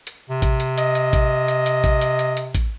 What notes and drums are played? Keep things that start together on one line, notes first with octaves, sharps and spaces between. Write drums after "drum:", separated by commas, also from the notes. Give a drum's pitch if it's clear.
drum: hi-hat
C3
drum: kick A1, hi-hat
drum: hi-hat
D#5, drum: hi-hat
drum: hi-hat
drum: kick A1, hi-hat
drum: hi-hat
drum: hi-hat
drum: kick A1, hi-hat
drum: hi-hat
drum: hi-hat
drum: hi-hat
drum: kick A1, hi-hat